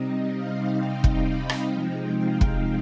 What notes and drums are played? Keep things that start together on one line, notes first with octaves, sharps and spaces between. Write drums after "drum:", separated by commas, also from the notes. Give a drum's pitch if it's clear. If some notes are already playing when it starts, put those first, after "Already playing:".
Already playing: C3 G3 C4 D#4 D#5
F5
G5
drum: kick
B5
drum: rim click
C3 F3 G#3 C4 D#4 G5
F5
drum: kick